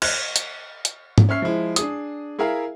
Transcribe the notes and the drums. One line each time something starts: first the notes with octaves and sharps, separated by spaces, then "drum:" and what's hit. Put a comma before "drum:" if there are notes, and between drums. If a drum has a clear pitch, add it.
F6 F#6 G#6, drum: cymbal
drum: hi-hat
drum: hi-hat
drum: tom G#2
C#4 E5 F6 C7
F3 G#3 E4
D4 G#4 D#6, drum: hi-hat
E4 G#4 A#4 E5 F5